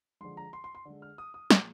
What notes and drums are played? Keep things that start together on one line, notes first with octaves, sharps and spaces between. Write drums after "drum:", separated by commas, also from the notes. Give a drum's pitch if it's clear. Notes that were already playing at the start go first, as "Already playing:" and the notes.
D3 F3 G#3 C6
A#5
C6
C6
C6
D3 G#3
F6
D#6
D#6
A#2 F3 G#3 D6, drum: snare